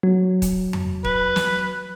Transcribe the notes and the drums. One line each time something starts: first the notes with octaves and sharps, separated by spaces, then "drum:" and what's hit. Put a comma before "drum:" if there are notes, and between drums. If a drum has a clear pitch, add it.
F#3
drum: kick, hi-hat
drum: tom F2
B4, drum: kick
drum: snare